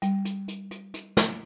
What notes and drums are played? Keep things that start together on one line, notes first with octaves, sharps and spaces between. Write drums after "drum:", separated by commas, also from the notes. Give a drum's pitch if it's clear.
G3, drum: hi-hat
drum: hi-hat
drum: hi-hat
drum: hi-hat
drum: hi-hat
drum: snare